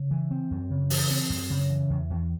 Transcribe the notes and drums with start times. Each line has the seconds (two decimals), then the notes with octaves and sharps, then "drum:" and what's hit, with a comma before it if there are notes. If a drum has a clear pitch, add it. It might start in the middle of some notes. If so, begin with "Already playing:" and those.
Already playing: C#3
0.11 E3
0.31 C4
0.51 F#2
0.70 C#3
0.90 E3, drum: open hi-hat
1.11 C4
1.30 F#2
1.50 C#3
1.70 E3
1.90 E2
2.10 E2